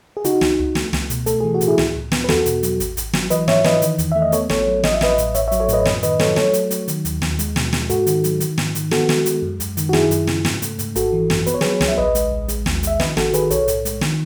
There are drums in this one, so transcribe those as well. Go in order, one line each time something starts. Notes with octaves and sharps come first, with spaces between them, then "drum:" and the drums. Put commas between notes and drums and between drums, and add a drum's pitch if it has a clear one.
G#4
C#3 D#4 F#4, drum: hi-hat
C#2, drum: snare
C#2
A3, drum: snare
C#2, drum: snare
B2, drum: hi-hat
A3 A4, drum: hi-hat
E3 G#4
F#4
A2, drum: hi-hat
E4 G#4
C#2, drum: snare
C#2
B3, drum: snare
B4
E2 F#4 A4, drum: snare
B2, drum: hi-hat
F#3, drum: hi-hat
G#1, drum: hi-hat
G#1, drum: hi-hat
F#3, drum: snare
E3 B4 D#5, drum: hi-hat
G#2 C#5 E5, drum: snare
E3 B4 D#5, drum: snare
D#3, drum: hi-hat
E2, drum: hi-hat
A3 E5
D#5
B3 A4 C#5, drum: hi-hat
A1 A4 C#5, drum: snare
F#3
A1 D#5, drum: snare
E5
A1 B4 D#5, drum: snare
A2, drum: hi-hat
A1 C#5 E5, drum: hi-hat
C#5 E5
F#3, drum: hi-hat
A4 C#5
A2 B4 D#5, drum: hi-hat
F#2 B4 D#5, drum: snare
D#3 B4 D#5, drum: hi-hat
F#3 A4 C#5, drum: snare
A3 A4 C#5, drum: snare
F#3, drum: hi-hat
F#3, drum: hi-hat
D#3, drum: hi-hat
D#2, drum: hi-hat
D#2, drum: snare
G#3, drum: hi-hat
B2, drum: snare
G#3, drum: snare
G#2 F#4 A4, drum: hi-hat
D#3, drum: hi-hat
F#3, drum: hi-hat
D#3, drum: hi-hat
G#2, drum: snare
D#3, drum: hi-hat
B3 F#4 A4, drum: snare
G#3, drum: snare
G#3, drum: hi-hat
F#2
F#2, drum: hi-hat
D#3, drum: hi-hat
F#4
F#2 E4 G#4, drum: snare
F#2, drum: hi-hat
C#3, drum: snare
G#2, drum: snare
A3, drum: hi-hat
G#2, drum: hi-hat
G#1 F#4 A4, drum: hi-hat
E3
F#2, drum: snare
B3 B4, drum: hi-hat
C#5
F#3 G#4 B4, drum: snare
C#2, drum: snare
E5
A1 B4 D#5
G#3, drum: hi-hat
A1
G#3, drum: hi-hat
D#2, drum: snare
G#3 E5, drum: hi-hat
D#3 B4 D#5, drum: snare
G#1 F#4 A4, drum: snare
D#3 G#4 B4, drum: hi-hat
B1 A4 C#5, drum: hi-hat
A2, drum: hi-hat
G#3, drum: hi-hat
D#3, drum: snare